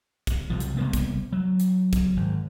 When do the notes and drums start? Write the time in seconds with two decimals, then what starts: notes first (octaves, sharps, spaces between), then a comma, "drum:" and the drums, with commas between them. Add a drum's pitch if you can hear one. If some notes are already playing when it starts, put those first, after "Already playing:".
0.27 drum: kick, hi-hat
0.50 C2 C3 F3
0.60 drum: hi-hat
0.77 C3 G3 A#3 B3
0.93 drum: kick, hi-hat
1.33 F#3
1.60 drum: hi-hat
1.93 drum: kick, hi-hat
2.17 G#1